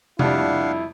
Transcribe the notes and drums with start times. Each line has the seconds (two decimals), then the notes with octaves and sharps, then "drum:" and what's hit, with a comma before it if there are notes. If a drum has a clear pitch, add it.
0.19 F2 G3 D4 E4 F5 F#5, drum: tom C3